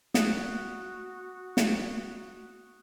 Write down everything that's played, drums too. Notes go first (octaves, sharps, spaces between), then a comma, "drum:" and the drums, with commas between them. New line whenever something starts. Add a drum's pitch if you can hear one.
F#4 D#6 F#6, drum: snare
drum: snare